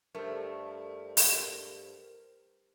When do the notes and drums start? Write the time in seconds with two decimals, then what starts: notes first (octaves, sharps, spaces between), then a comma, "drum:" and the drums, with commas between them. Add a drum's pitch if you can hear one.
0.15 G2 A3 A#4 C5
1.17 drum: open hi-hat